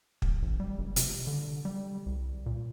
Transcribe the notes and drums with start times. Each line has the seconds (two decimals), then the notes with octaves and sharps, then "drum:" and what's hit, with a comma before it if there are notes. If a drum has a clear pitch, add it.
0.22 D1, drum: kick
0.42 A1
0.60 G3
0.79 F#1
0.96 C3, drum: hi-hat
1.27 D3
1.65 G3
2.06 C2
2.46 A#2